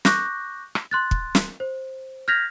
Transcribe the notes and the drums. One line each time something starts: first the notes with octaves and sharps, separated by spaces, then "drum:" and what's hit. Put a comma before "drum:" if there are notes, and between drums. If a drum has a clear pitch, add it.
C#6 D6 F#6 G6 A#6, drum: snare
drum: rim click
C6 F#6 A6
drum: kick
drum: snare
C5
F6 G6 G#6 A#6 B6 F7